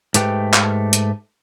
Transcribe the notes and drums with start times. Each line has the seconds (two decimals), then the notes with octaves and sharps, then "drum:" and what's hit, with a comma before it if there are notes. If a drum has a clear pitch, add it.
0.14 G#2 A3 G4 B4 G5, drum: hi-hat
0.54 drum: clap
0.93 drum: hi-hat